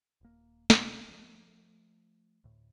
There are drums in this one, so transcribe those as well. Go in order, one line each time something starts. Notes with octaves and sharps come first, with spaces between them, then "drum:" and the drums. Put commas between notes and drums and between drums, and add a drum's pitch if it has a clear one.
D#1 A#3
C3, drum: snare
F3 A3
D2 A2